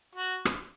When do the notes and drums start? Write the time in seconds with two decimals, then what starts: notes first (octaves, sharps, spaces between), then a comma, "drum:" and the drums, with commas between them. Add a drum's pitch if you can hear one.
0.15 F#4
0.45 drum: rim click